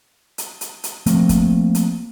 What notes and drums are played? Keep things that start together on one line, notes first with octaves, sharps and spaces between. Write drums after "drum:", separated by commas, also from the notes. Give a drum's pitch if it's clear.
drum: hi-hat
drum: hi-hat
drum: hi-hat
F3 A3 A#3 C4, drum: hi-hat
drum: kick, hi-hat
drum: hi-hat